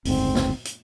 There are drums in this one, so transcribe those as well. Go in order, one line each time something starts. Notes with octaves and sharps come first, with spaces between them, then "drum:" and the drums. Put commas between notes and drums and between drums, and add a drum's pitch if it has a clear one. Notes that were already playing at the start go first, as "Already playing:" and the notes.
F#1 D2 G#2 C4, drum: open hi-hat
drum: snare
drum: hi-hat